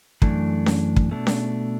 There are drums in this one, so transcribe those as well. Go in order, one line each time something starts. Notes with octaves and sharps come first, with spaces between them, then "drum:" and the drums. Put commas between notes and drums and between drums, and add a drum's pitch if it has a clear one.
F#2 E3 A3 D4, drum: kick
drum: snare C#4
drum: kick
B2 A3 D4
drum: snare C#4